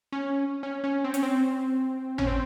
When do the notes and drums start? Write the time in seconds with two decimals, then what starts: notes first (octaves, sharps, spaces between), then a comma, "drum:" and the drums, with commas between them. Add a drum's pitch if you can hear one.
0.12 C#4
0.63 C#4
0.84 C#4
1.04 C4
1.14 C#4, drum: hi-hat
1.23 C4
2.18 C#4, drum: tom G#1
2.27 C4